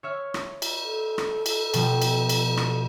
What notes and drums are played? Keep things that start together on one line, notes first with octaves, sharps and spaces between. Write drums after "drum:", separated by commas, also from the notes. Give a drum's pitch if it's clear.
C#5 E5 F6
drum: rim click
drum: cymbal
A4
drum: rim click
drum: cymbal
B2 F3 G4, drum: cymbal
drum: cymbal
drum: cymbal
drum: rim click